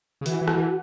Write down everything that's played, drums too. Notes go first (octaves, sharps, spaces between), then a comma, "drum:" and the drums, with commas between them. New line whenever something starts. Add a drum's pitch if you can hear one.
C#3
E3 F#4, drum: hi-hat
E3
F#4, drum: rim click
E3